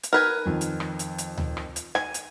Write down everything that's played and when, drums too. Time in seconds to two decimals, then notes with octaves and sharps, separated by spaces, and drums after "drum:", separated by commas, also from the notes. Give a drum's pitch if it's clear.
0.03 drum: hi-hat
0.13 A#4 B4 G#5
0.46 F2 D#3
0.61 drum: hi-hat
0.80 drum: rim click
0.99 drum: hi-hat
1.18 drum: hi-hat
1.38 drum: tom D2
1.57 drum: rim click
1.76 drum: hi-hat
1.95 G#5, drum: rim click
2.14 drum: hi-hat